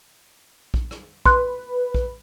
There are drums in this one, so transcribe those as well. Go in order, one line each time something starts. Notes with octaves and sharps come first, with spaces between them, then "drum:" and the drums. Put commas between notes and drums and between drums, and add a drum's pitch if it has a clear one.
drum: kick A#1
drum: rim click
B4 C6 F#6, drum: kick A#1
drum: kick A#1